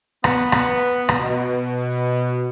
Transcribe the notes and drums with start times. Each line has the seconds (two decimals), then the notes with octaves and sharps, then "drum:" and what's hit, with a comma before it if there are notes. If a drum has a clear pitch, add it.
0.24 B3, drum: rim click
0.52 drum: rim click
1.09 drum: rim click
1.20 B2